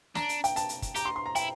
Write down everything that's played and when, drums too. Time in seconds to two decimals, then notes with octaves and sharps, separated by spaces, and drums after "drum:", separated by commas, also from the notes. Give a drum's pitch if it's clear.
0.15 D4 A#5, drum: snare
0.29 drum: hi-hat
0.44 G5, drum: hi-hat
0.56 A5, drum: hi-hat
0.69 drum: hi-hat
0.82 drum: kick, hi-hat
0.95 G4 A#5, drum: hi-hat
1.05 C6
1.16 C6
1.26 A#5
1.35 E4 G5, drum: hi-hat